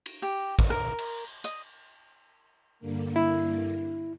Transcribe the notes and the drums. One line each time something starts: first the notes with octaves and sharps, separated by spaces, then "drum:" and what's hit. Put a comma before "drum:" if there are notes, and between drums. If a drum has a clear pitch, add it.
drum: cymbal
G4
drum: kick
A#4
drum: cymbal
D#5, drum: hi-hat
G2 D3 A#3
E4